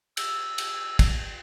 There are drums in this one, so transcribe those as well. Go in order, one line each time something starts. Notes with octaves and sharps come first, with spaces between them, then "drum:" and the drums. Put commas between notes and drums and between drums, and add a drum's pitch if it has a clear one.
E6, drum: cymbal
drum: cymbal
drum: kick, cymbal